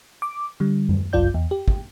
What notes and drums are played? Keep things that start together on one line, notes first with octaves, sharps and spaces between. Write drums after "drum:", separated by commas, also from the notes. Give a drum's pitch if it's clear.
D6
D3 G3
drum: tom F#2
G1 C2 F#2 F4 D5 G6
E2
G4
drum: kick